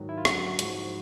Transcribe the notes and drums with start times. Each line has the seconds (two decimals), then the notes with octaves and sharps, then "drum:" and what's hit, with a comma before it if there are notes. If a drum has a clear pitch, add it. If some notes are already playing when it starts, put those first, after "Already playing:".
Already playing: G#2 D#3 F#3
0.09 E4
0.18 F4
0.25 F#2 D3 F#3 F#4, drum: rim click
0.59 G#2 F3, drum: hi-hat